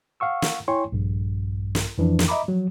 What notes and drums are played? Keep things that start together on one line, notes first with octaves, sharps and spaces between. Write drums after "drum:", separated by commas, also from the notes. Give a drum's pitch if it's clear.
F5 F#5 C#6 E6
drum: snare
E4 C#5 G5 G#5 C6 C#6
A#1 G2
drum: snare
F2 E3 F3 D4
drum: snare
D#5 E5 A#5 B5 D6
F3 F#3